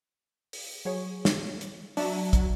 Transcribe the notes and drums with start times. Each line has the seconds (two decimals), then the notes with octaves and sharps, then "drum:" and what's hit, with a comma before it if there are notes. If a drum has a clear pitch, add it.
0.53 drum: open hi-hat
0.85 F#3 G#4 C#5
1.25 drum: snare
1.61 drum: hi-hat
1.97 F#3 D4 E5 A5, drum: open hi-hat
2.33 drum: kick, hi-hat